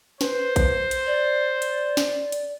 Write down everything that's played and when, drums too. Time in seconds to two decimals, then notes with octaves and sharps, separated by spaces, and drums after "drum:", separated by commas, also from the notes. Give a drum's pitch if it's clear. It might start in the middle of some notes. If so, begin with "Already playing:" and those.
0.21 B4 C5, drum: snare
0.56 drum: kick A#1, hi-hat
0.91 drum: hi-hat
1.07 D5
1.62 drum: hi-hat
1.97 drum: snare
2.32 drum: hi-hat